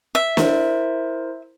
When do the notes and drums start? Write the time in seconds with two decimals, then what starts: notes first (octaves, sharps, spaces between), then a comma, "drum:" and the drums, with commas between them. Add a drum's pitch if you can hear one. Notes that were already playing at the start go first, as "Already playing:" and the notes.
0.15 E5
0.37 E4 A#4 C5, drum: snare